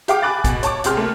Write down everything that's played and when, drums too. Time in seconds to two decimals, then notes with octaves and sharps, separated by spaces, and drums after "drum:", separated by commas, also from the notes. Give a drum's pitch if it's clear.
0.08 G4 G#4 F5 G5 D6, drum: hi-hat
0.23 G#5 B5 D6 F#6 A6
0.44 B2, drum: kick, hi-hat
0.63 C#5 A5 C#6 D6, drum: hi-hat
0.84 C#2 C3 G4 G#4 C6 F6, drum: hi-hat
0.97 A3 A#3